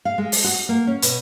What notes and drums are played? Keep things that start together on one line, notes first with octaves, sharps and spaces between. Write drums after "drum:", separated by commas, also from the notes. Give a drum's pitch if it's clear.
F5
G#3
drum: open hi-hat
F#4
A#3
C#4
B2, drum: hi-hat